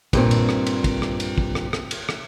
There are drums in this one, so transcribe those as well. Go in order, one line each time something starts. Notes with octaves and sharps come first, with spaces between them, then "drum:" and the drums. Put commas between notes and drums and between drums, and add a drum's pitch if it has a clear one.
G2 A#2 C4, drum: kick, cymbal
drum: cymbal
drum: rim click
drum: cymbal
drum: kick, cymbal
drum: rim click
drum: cymbal
drum: kick
drum: rim click
drum: rim click
drum: cymbal
drum: rim click